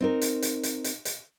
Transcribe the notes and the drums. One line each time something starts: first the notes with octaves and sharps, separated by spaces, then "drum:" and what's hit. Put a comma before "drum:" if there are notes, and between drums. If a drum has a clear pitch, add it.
C4 D#4 A#4
drum: hi-hat
drum: hi-hat
drum: hi-hat
drum: hi-hat
drum: hi-hat